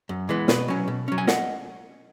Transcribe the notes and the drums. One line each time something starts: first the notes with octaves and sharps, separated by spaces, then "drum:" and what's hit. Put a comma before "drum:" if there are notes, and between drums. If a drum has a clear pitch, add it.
F#2
E3 G#3 B3
B2 B4 D#5, drum: snare
F#3 C#4
B2
F#3 C#4
G#5
D#5 F#5, drum: snare